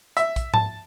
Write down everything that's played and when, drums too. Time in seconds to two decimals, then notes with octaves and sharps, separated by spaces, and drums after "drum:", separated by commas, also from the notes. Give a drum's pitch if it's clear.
0.17 E5, drum: hi-hat
0.36 drum: kick A#1, hi-hat
0.54 A5, drum: tom G#2